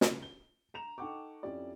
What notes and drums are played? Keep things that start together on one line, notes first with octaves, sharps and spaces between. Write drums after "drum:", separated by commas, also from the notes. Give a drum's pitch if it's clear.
C#2, drum: snare
G7
A#5 E7 F7
D#4 A4 F#5 G5 C#6 D6
F2 C#4 E4 G4 D5